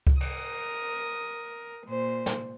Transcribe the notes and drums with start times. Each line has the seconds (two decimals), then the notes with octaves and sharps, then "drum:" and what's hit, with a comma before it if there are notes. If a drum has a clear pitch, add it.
0.07 drum: kick C#2
0.21 A#4 D#6, drum: cymbal
1.86 A#2 C5
2.26 drum: snare